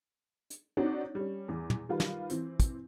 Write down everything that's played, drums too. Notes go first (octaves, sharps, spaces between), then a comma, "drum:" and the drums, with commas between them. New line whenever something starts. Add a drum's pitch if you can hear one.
drum: hi-hat
C4 D4 D#4 F#4 C#5 D5
G3 C#4
E2
drum: tom
D#3 G3 F4 B4
drum: snare
E3 C4, drum: hi-hat
drum: kick, hi-hat